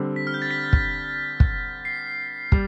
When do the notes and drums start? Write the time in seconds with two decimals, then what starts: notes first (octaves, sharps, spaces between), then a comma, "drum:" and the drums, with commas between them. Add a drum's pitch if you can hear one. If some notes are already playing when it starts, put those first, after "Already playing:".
Already playing: D3 G3 C4
0.16 B6
0.27 F6
0.34 G6
0.42 A6
0.51 B6
0.73 drum: kick
1.40 drum: kick
1.85 C7
2.52 G3, drum: kick